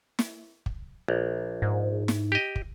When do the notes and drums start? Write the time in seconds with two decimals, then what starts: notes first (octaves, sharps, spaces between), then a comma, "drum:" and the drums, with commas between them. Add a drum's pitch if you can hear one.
0.19 drum: snare
0.66 drum: kick
1.08 A#1
1.62 G#2
2.08 drum: snare
2.32 G4 D#5
2.56 drum: kick